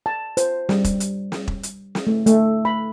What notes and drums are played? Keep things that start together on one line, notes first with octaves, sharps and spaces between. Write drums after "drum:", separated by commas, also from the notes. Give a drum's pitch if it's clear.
A5
C5, drum: hi-hat
G3, drum: snare
drum: kick E1, hi-hat
drum: hi-hat
drum: snare
drum: kick E1
drum: hi-hat
drum: snare
A3
A3, drum: hi-hat
B5